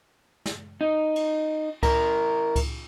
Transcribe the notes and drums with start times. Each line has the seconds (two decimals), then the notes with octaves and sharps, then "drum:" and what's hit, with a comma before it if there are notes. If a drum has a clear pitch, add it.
0.46 drum: snare
0.81 D#4
1.16 drum: cymbal
1.83 E4 A#4, drum: kick C#2, cymbal
2.56 drum: kick C#2, cymbal